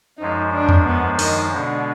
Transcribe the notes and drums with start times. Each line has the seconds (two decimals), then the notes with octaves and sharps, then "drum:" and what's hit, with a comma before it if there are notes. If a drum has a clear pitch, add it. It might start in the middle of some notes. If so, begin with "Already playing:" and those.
0.19 F#2 F3 G#3 D#4
0.52 D4
0.69 drum: tom E2
0.86 B3
1.19 D#3, drum: open hi-hat
1.52 B2 D3 G#3 B3